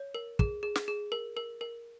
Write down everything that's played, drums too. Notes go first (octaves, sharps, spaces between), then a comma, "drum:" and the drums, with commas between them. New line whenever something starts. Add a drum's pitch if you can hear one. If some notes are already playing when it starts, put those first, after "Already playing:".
Already playing: C#5
A#4
G#4, drum: kick
G#4
drum: snare
G#4
A#4
A#4
A#4